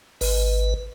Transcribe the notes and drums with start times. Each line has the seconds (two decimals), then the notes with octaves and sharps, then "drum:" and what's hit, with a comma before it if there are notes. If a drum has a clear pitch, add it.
0.21 G#1 B4, drum: open hi-hat